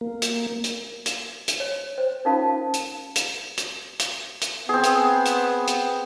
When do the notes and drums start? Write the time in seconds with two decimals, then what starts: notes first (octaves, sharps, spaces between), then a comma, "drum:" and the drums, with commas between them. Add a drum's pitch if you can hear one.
0.01 A#3
0.22 drum: hi-hat
0.64 drum: hi-hat
1.06 drum: hi-hat
1.48 drum: hi-hat
1.60 C#5
1.98 C5
2.25 C#4 D#4 F4 A#4 F5 A5
2.74 drum: hi-hat
3.16 drum: hi-hat
3.58 drum: hi-hat
4.00 drum: hi-hat
4.42 drum: hi-hat
4.69 B3 C4 G#4
4.84 drum: hi-hat
5.26 drum: hi-hat
5.68 drum: hi-hat